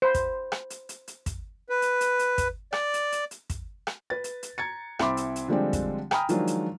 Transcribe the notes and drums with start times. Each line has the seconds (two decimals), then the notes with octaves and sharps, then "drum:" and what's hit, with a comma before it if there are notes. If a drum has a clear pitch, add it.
0.02 C5 B5
0.14 drum: kick, hi-hat
0.52 drum: rim click
0.70 drum: hi-hat
0.89 drum: hi-hat
1.08 drum: hi-hat
1.26 drum: kick, hi-hat
1.69 B4
1.82 drum: hi-hat
2.01 drum: hi-hat
2.19 drum: hi-hat
2.38 drum: kick, hi-hat
2.73 D5, drum: rim click
2.94 drum: hi-hat
3.12 drum: hi-hat
3.31 drum: hi-hat
3.50 drum: kick, hi-hat
3.87 drum: rim click
4.10 B4 A6
4.24 drum: hi-hat
4.43 drum: hi-hat
4.58 A#5 G#6 A6 C#7
4.99 C2 C4 E5 B5 C6 D6, drum: rim click
5.17 drum: hi-hat
5.36 drum: hi-hat
5.48 D3 F3 G3 G#3 C4 D4
5.73 drum: kick, hi-hat
6.11 G5 G#5 A#5 B5 D#6 F6, drum: rim click
6.29 D#3 F3 F#3 G#3 D4, drum: hi-hat
6.47 drum: hi-hat